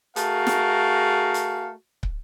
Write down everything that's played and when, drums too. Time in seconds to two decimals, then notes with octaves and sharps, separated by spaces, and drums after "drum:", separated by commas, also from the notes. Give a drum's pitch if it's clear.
0.16 A3 F#4 G#4 A#4 F5, drum: hi-hat
0.47 drum: snare
1.34 drum: hi-hat
2.03 drum: kick